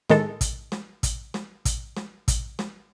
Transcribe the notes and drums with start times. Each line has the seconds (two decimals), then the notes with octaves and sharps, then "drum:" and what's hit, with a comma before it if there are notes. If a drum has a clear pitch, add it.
0.10 A2 D#3 G#3 A4, drum: snare
0.41 drum: kick, hi-hat
0.72 drum: snare
1.03 drum: kick, hi-hat
1.34 drum: snare
1.65 drum: kick, hi-hat
1.97 drum: snare
2.28 drum: kick, hi-hat
2.59 drum: snare